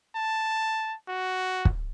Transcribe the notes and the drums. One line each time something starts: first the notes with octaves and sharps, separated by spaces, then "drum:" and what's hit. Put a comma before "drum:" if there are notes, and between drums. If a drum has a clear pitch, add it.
A5
F#4
drum: kick